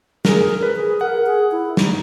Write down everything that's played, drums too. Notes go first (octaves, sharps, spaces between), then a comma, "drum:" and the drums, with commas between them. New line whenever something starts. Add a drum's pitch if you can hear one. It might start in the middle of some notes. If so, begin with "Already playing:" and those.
G#4 A#4, drum: snare
A#4
B4
G#4
A#4 F#5
G#4
E4
D#4, drum: snare